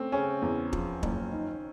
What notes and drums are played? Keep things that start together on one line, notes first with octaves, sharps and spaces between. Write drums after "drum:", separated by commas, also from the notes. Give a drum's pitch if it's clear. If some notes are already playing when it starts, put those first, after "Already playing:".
Already playing: A3 C4 C#4
C#3 C#4
E2
F3, drum: kick
F#1, drum: kick
D#3